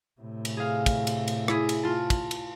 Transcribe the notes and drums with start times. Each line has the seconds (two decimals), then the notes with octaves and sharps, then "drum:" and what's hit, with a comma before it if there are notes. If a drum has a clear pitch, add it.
0.21 A2 C3
0.45 drum: cymbal
0.57 G#4 F5
0.86 drum: kick, cymbal
1.07 drum: cymbal
1.28 drum: cymbal
1.48 E4 G#4, drum: rim click
1.69 drum: cymbal
1.83 F4 A5
2.10 drum: kick, cymbal
2.31 drum: cymbal